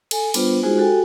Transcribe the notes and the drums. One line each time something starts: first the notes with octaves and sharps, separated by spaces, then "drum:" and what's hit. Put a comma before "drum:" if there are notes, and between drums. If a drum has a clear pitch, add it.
A4 G#5, drum: cymbal
G3 B3 D4 F4 B4 C5, drum: cymbal
G#3 D#4 F4 F#4 G#4 C5
F#4 G4 A4 G5 G#5